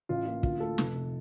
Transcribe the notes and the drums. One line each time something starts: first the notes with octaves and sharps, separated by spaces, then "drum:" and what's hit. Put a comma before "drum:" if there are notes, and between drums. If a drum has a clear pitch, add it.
A1 F4
A#3 F4
D2 F4, drum: kick
A3 A4
F1, drum: snare
F1